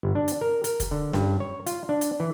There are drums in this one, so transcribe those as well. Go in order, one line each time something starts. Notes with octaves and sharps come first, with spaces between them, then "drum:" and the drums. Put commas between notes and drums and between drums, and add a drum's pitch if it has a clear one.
G1
D4
drum: hi-hat
A#4
A#4, drum: hi-hat
drum: kick, hi-hat
D3
G2, drum: snare C#4
C#5
F4, drum: hi-hat
D4
drum: hi-hat
E3